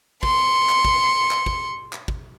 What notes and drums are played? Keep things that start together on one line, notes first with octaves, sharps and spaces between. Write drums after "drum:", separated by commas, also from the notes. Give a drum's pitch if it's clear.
C6 C#7, drum: kick
drum: clap
drum: kick
drum: clap
drum: kick
drum: clap
drum: kick